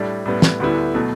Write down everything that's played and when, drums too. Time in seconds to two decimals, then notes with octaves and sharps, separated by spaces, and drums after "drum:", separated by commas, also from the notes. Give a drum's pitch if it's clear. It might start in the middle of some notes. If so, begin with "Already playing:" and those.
Already playing: A2 G3 D4
0.26 A2 G3 B3
0.42 drum: snare
0.60 D2 D3 G3 B3 E4
0.94 B2 F#3 A3